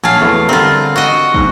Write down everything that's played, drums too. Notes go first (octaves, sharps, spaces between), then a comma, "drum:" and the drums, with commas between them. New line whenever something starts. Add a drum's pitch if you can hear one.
A#1 F#3 F5 G#5 A5
E2 A3 B3
D3 G3 C4 F4 A#4
F#4 D#5
B1 G#2, drum: kick